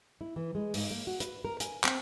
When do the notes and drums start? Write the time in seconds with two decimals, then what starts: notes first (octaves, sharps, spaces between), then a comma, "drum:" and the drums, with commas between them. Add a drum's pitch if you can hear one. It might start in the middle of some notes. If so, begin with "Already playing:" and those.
0.21 E4
0.36 E3
0.55 G#3
0.74 G#2, drum: open hi-hat
0.91 A#3
1.07 F#4
1.20 B4, drum: hi-hat
1.45 A#4
1.60 G#5, drum: hi-hat
1.84 C4, drum: clap